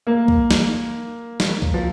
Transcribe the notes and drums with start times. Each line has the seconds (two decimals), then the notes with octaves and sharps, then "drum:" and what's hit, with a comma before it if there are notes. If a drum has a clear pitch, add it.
0.07 A#3
0.28 drum: kick
0.51 drum: snare
1.40 drum: snare
1.62 drum: kick
1.74 F3